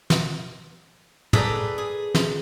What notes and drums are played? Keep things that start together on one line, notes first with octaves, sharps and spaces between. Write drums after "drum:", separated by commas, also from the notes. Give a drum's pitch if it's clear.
drum: snare
G#4 A4 B4 D5 G5 A#5, drum: tom
G#4
drum: snare